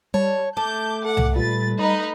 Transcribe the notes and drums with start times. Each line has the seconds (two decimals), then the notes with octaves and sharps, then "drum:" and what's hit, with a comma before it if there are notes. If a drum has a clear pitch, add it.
0.14 G3 C#5 A5
0.57 A3 A5 D6 G6
1.05 A4 F#5
1.17 drum: tom C2
1.36 A#2 G3 B4 A6
1.79 D#4 B4 D#5 B5